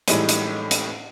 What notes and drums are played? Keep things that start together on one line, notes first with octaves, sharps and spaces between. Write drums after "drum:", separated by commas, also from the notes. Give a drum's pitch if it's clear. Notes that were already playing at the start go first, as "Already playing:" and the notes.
A2 E3 G3 G#3 D#4, drum: hi-hat
drum: hi-hat
drum: hi-hat